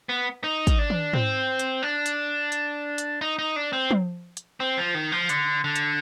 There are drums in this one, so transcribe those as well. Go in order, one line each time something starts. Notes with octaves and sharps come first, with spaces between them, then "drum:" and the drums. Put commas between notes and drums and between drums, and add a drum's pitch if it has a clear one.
B3
D#4
drum: kick, hi-hat
D4
drum: tom D#3
C4, drum: tom G#2
drum: hi-hat
D4
drum: hi-hat
drum: hi-hat
drum: hi-hat
D#4
D#4
D4
C4
drum: tom F3
drum: hi-hat
C4
F3
D#3
F3
D3, drum: hi-hat
D3
drum: hi-hat